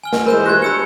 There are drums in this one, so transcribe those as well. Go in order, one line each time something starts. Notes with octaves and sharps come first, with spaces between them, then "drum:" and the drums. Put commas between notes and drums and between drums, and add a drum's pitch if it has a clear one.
G#5 F6 G7
drum: snare
E3 G#3 A#4 C5 B5 G6 E7
F#4 G4 F#6 G#6 A#6
D4 G4 B5 E6 C#7 G7